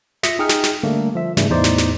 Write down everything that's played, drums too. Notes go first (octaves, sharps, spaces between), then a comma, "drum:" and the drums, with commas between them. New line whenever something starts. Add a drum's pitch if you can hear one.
F4 E5 D#6 A#6 B6 C#7, drum: snare
D#4 G#4 G5 D#6 F6
drum: snare
drum: snare
D3 G3 A3 A#3
F3 E5
G#2 C#3 E3 G3 A3, drum: snare
E2 A2 D#4 C5 D5 D6
drum: snare
drum: snare